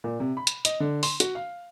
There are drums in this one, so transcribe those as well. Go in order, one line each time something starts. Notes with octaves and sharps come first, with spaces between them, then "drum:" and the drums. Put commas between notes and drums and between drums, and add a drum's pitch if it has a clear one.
A#2
C3
B5
drum: hi-hat
D#5, drum: hi-hat
D3
C6, drum: open hi-hat
F#4, drum: hi-hat
F5